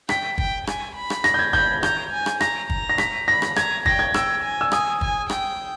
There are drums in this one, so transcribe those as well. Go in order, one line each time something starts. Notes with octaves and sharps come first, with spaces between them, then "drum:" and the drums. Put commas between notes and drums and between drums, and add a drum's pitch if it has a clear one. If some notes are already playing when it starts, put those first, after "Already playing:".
G5 B6, drum: rim click
G5, drum: kick
G#5, drum: rim click
B5
drum: rim click
A#6, drum: rim click
G6
G#6
B5 G6, drum: kick
A#5 G6, drum: rim click
G#5
drum: rim click
A#5 A#6, drum: rim click
A#5, drum: kick
A#6
B6, drum: rim click
B5 A#6
drum: rim click
A#5 G#6, drum: rim click
G5 A#6, drum: kick
G#6
G5 E6, drum: rim click
G#5
E6
G#5 D#6, drum: rim click
G#5, drum: kick
G5, drum: rim click